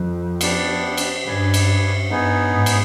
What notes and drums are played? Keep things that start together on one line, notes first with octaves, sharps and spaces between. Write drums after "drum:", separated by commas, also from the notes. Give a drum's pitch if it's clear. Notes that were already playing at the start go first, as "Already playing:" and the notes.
Already playing: F2
B3 D4 G4 D5, drum: cymbal
drum: cymbal
G2 G#4 B4 D5 G#5
drum: cymbal
G2 B3 D#4 G#4
G#2
drum: cymbal